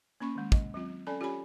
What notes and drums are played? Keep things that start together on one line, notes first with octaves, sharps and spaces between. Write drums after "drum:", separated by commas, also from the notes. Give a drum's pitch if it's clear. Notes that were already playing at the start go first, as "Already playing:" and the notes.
A#3 C#4 B5 C#6
D#3 G#3
D#5, drum: kick
F#3 C4 F4
C#4 A4 D5 G#5 A5 B5
C#4 F4 G4 C#5 G#5 B5